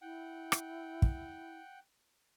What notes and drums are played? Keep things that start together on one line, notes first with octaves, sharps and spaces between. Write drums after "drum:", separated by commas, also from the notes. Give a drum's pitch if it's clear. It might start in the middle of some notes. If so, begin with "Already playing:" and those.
E4 F#5 G5
drum: rim click
drum: kick